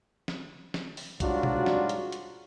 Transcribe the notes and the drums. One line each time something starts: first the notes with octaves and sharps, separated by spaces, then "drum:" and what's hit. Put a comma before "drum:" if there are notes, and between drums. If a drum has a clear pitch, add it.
drum: snare
drum: snare
drum: open hi-hat
G#2 F#3 G3 D4 F4 F#4, drum: kick, hi-hat
drum: tom B2
drum: snare
drum: hi-hat
drum: hi-hat